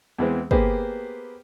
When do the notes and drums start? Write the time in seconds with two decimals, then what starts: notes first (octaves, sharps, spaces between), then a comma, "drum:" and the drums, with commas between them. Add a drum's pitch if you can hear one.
0.18 E2 E3 G#3 C4
0.51 A#3 B3 G4 G#4 B4 C5, drum: kick